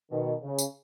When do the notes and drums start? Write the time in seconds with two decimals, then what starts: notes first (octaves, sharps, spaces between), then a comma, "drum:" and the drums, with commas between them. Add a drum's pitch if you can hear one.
0.11 B2 D#3
0.43 C#3
0.58 drum: tambourine